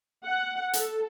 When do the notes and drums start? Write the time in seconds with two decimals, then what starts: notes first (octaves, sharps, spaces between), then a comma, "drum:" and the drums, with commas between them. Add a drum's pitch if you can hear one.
0.24 F#5
0.74 A4, drum: hi-hat